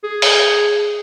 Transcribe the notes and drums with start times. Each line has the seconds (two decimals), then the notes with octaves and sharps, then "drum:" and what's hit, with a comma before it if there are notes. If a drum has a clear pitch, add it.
0.04 G#4
0.22 drum: open hi-hat